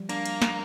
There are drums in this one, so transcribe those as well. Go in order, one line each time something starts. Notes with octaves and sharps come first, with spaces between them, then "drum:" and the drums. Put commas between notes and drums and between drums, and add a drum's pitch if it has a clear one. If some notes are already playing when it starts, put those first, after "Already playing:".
Already playing: F3 G3
A#3 D4, drum: cymbal
drum: cymbal
drum: snare